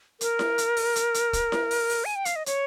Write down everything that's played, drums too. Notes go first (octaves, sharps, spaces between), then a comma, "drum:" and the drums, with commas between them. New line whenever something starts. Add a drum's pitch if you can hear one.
A#4, drum: hi-hat
drum: snare E4
drum: hi-hat
drum: open hi-hat
drum: hi-hat
drum: hi-hat
drum: kick, hi-hat
drum: snare E4
drum: open hi-hat
drum: open hi-hat
G#5
G5
F5, drum: hi-hat
D#5
C#5, drum: hi-hat